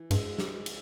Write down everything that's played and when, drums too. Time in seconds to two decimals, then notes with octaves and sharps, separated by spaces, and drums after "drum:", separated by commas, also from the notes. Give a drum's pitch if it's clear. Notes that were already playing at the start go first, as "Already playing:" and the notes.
Already playing: E3
0.11 G2 G#3, drum: cymbal
0.38 drum: snare
0.66 drum: cymbal